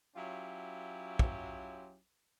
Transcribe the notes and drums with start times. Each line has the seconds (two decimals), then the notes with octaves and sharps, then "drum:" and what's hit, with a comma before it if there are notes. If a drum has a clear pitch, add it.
0.15 F#3 C#4 E4 F4 G4
1.19 drum: kick